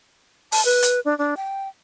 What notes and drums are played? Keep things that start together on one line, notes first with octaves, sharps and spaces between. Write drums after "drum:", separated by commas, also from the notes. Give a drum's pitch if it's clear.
A5, drum: open hi-hat
B4
drum: hi-hat
D4
D4
G5